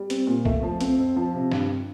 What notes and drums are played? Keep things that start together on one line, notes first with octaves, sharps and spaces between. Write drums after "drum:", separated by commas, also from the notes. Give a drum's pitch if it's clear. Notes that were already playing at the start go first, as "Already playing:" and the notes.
Already playing: G3
C4, drum: hi-hat
A#2
A3, drum: kick
F3
C4, drum: hi-hat
F2
F3
C3
G2, drum: snare